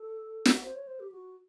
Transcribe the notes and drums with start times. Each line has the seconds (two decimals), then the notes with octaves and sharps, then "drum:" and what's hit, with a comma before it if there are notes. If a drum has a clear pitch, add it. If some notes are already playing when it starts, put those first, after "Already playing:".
Already playing: A4
0.45 drum: snare
0.63 C5
0.75 C#5
0.87 C5
1.00 G4
1.12 F#4